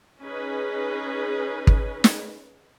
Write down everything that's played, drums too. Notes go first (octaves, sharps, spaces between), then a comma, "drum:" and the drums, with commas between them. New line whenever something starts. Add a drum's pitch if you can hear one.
C#4 D#4 G#4 B4
drum: kick
drum: snare